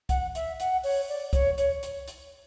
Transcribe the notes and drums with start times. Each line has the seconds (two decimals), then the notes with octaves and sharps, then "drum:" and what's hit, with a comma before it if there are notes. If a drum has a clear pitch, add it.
0.09 F#5, drum: kick C2, hi-hat
0.35 E5, drum: hi-hat
0.60 F#5, drum: hi-hat
0.84 C#5, drum: open hi-hat
1.08 D5
1.33 C#5, drum: kick C2, hi-hat
1.58 C#5, drum: hi-hat
1.83 drum: hi-hat
2.08 drum: hi-hat